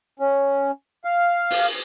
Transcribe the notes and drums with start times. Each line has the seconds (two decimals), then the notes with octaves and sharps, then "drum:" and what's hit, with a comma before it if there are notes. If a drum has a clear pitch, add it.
0.19 C#4
1.04 F5
1.50 drum: open hi-hat